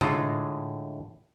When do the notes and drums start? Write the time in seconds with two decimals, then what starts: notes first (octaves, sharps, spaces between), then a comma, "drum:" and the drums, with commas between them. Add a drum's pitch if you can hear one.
0.01 A2 D3 G#3 D#4 F4 G#4, drum: tom C3